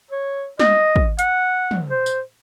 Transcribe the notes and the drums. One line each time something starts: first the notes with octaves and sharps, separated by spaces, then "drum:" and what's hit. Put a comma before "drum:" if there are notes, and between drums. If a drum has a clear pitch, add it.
C#5
D#5, drum: snare
drum: kick
F#5, drum: hi-hat
drum: tom
C5
drum: tambourine